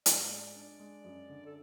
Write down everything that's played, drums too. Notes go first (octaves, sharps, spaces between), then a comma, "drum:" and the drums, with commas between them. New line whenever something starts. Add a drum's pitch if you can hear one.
G#2 D5, drum: hi-hat
G#3
D4
G#3
F#2
D3
A4